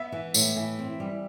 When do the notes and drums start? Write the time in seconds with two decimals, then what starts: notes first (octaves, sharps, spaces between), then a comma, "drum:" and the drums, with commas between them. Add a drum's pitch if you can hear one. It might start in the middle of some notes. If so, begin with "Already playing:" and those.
Already playing: B3 E5
0.12 E3
0.34 A2, drum: tambourine
0.56 E3
0.79 C4
1.00 G3